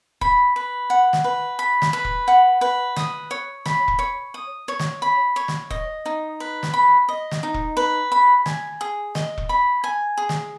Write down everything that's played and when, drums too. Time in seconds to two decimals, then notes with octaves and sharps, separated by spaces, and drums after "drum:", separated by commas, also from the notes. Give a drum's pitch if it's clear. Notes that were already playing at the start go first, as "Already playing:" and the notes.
0.21 B5, drum: kick E1
0.56 B4
0.90 F#5
1.13 drum: snare
1.24 B4
1.59 B5
1.82 drum: snare
1.93 B4
2.05 drum: kick E1
2.28 F#5
2.61 B4
2.96 D#6, drum: snare
3.31 C#5
3.66 B5, drum: snare
3.88 drum: kick E1
3.99 C#5
4.34 D#6
4.68 C#5
4.79 drum: snare
5.02 B5
5.36 C#5
5.48 drum: snare
5.70 D#5, drum: kick E1
6.06 D#4
6.40 B4
6.63 drum: snare
6.74 B5
7.09 D#5
7.31 drum: snare
7.43 D#4
7.54 drum: kick E1
7.77 B4
8.12 B5
8.46 G#5, drum: snare
8.81 G#4
9.15 D#5, drum: snare
9.38 drum: kick E1
9.49 B5
9.84 G#5
10.18 G#4
10.29 drum: snare